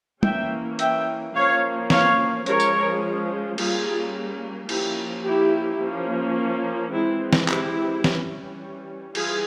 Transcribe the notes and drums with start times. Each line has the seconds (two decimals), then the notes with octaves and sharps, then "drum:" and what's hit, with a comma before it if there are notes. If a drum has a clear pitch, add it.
0.23 E3 A#3 C#4 E5 G5, drum: tom
0.79 E5 G5, drum: hi-hat
1.35 F3 A#3 C#4 C#5 F5
1.90 C#5 F5, drum: snare
2.46 F3 G#3 C#4 A#4 C#5, drum: hi-hat
2.60 drum: tambourine
3.58 G3 A#3 C#4 F4 G#4, drum: cymbal
4.69 F3 A#3 C#4 E4 G4, drum: cymbal
5.25 E4 G4
5.80 F3 A#3 C#4
6.92 E3 G#3 C4 E4
7.33 drum: snare
7.48 E4 G4, drum: clap
8.04 E3 G3 C#4, drum: snare
9.15 E3 G3 F4 G#4, drum: cymbal